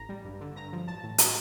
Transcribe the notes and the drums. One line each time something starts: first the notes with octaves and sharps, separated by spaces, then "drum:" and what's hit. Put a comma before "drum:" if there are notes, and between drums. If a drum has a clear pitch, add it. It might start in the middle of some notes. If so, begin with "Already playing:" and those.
Already playing: A1 A2 A#5 A#6
G3
G2
D3
G2 A#5 A#6
F3
A1 A5 A6
A2
drum: hi-hat